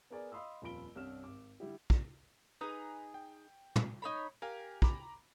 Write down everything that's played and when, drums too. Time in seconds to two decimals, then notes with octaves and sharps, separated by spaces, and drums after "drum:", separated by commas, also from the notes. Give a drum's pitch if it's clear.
0.10 B3 G#4 A#4 D5 G#5 A#5
0.32 D#5 F5 B5 C6 D#6 E6
0.62 D#1 F2 F4 B5 D7 G7
0.95 C2 G2 C#4 F6 E7
1.24 G#1 D6
1.60 D3 G3 E4 G4
1.90 drum: kick
2.61 D#4 G#4 B4 A#5
3.14 G5
3.76 drum: tom
4.02 D#4 C#5 B5
4.42 G4 A#4 F5 G#5
4.82 A#5 B5 D6, drum: kick